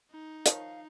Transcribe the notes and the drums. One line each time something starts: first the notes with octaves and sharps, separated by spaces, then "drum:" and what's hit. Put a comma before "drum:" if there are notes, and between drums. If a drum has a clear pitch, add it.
D#4
D#3 F3 C#5 F5, drum: hi-hat